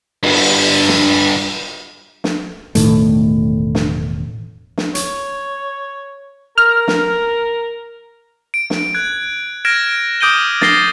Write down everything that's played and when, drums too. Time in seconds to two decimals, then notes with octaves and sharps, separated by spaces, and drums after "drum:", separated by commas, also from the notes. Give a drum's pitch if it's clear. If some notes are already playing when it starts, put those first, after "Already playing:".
0.23 G2 D3, drum: cymbal
0.89 drum: snare
2.24 drum: snare
2.75 E1 A2 D#3 A3, drum: hi-hat
3.75 drum: snare
4.77 drum: snare
4.95 C#5, drum: hi-hat
6.58 A#4 F6
6.88 drum: snare
8.54 D7
8.70 drum: snare
8.95 F#6 G#6
9.65 F6 G#6 A#6 D7 E7
10.21 D6 D#6 G6 D7 D#7 G7
10.61 A6 A#6 C7 G7, drum: snare